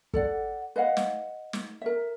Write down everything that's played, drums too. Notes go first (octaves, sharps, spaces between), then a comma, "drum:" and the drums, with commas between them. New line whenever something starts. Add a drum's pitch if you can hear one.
A4 D5 F#5, drum: kick
B4 D#5 F5 F#5
drum: snare
drum: snare
A#4 E5